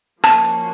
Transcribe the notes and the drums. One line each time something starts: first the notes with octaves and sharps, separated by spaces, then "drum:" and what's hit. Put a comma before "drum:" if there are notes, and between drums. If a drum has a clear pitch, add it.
F3 A#3 C#4 F#4 A5, drum: rim click
drum: hi-hat